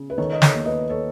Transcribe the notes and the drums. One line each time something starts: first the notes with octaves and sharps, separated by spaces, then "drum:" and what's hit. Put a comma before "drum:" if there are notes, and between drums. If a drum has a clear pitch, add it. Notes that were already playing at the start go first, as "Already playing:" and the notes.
Already playing: C#3
B4
D#3 A4 C#5
D#5
A4 C#5, drum: snare
D#2
B4 D#5
A4 C#5